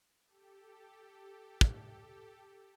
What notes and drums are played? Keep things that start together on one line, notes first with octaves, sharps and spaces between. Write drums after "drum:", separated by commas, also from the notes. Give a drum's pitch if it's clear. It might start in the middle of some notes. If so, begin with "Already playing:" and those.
G4 A4
drum: kick